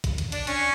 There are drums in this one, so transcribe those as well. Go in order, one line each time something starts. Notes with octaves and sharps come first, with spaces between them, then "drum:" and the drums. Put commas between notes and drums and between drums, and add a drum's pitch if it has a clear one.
drum: kick, hi-hat
drum: hi-hat
D4, drum: hi-hat
C#4, drum: hi-hat